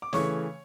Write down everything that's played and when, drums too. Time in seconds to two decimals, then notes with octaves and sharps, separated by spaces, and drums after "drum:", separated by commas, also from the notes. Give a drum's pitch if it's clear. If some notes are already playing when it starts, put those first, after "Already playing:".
0.02 D6
0.13 C#3 E3 A3 C#5 C#6, drum: snare